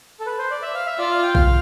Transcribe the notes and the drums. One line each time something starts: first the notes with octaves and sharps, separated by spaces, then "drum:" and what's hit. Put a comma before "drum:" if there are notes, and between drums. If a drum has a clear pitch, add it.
A4
B4
C5
D5
E5
F5
E5
F4 D5
F5
G5
F5, drum: kick B1